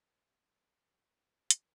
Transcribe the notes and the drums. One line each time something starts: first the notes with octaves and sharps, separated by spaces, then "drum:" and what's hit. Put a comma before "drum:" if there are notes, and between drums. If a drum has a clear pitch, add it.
A#4 C5
drum: hi-hat